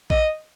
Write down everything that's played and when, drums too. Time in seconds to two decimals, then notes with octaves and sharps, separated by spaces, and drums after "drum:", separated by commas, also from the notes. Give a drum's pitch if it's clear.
0.10 D#5, drum: kick A#1